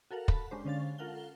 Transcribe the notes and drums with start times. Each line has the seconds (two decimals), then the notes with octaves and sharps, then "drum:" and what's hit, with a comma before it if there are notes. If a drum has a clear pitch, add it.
0.11 F#4 A4 A#4 F5 F#5
0.28 A5 B5, drum: kick
0.51 G#3 C#4 D4 G4 C5
0.65 D3 C#4 F5 A6
0.98 F4 A4 A#4 F5 F#5 G7